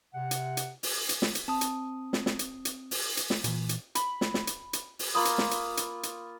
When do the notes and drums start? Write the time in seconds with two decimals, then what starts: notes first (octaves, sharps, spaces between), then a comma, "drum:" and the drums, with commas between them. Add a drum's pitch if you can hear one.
0.14 C3 F#5
0.31 drum: hi-hat
0.57 drum: hi-hat
0.83 drum: open hi-hat
1.09 drum: hi-hat
1.22 drum: snare
1.35 drum: hi-hat
1.48 C4 A5 D#6
1.61 drum: hi-hat
2.13 drum: snare
2.26 drum: snare
2.39 drum: hi-hat
2.65 drum: hi-hat
2.91 drum: open hi-hat
3.17 drum: hi-hat
3.30 drum: snare
3.44 A#2 E3, drum: hi-hat
3.69 drum: hi-hat
3.95 B5, drum: hi-hat
4.21 drum: snare
4.34 drum: snare
4.47 drum: hi-hat
4.73 drum: hi-hat
4.99 drum: open hi-hat
5.15 A#3 F4 B5 D#6
5.25 drum: hi-hat
5.38 drum: snare
5.51 drum: hi-hat
5.77 drum: hi-hat
6.03 drum: hi-hat